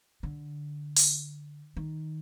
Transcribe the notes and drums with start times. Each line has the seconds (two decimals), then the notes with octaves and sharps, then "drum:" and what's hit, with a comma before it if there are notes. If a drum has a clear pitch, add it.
0.23 D3
0.97 drum: open hi-hat
1.77 D#3